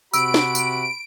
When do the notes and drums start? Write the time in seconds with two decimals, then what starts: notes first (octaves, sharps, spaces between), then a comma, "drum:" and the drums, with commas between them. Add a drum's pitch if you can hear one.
0.14 C3 F#4 B5 E6 D7, drum: tambourine
0.34 drum: snare
0.55 drum: tambourine